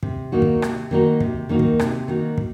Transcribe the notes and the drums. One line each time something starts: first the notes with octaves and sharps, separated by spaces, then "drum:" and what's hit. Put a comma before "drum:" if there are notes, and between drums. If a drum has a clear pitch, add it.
C3, drum: kick
D#3 A#3 D#4 F#4
drum: kick
C3, drum: rim click
D#3 A#3 D#4 F#4
C3, drum: kick
D#3 A#3 D#4 F#4
drum: kick
C3, drum: rim click
D#3 A#3 D#4 F#4
drum: kick